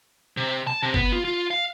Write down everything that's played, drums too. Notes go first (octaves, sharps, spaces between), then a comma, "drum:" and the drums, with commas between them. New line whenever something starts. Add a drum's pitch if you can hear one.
C3
A5
C3
B3, drum: kick F#1
F4
F4
F5